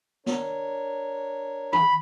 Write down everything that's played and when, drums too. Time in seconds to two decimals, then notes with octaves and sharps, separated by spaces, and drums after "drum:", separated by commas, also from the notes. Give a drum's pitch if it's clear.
0.26 D4 A#4 C#5, drum: snare
1.73 B5, drum: tom D#3